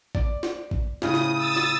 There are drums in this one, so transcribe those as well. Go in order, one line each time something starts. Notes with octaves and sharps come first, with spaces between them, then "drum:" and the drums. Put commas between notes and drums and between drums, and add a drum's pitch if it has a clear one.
D5, drum: kick A1
drum: snare
drum: kick A1
A2 C#3 D#6, drum: snare
drum: snare
D#6 E6 A6
drum: snare